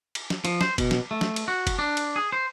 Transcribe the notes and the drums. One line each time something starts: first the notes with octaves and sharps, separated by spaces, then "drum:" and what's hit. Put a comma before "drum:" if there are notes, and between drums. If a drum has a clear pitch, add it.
drum: cymbal
drum: snare
F3, drum: cymbal
C5, drum: snare
B2, drum: kick, cymbal
drum: snare
A3
drum: snare
drum: cymbal
F#4
drum: kick, cymbal
D4
drum: cymbal
G#4
C5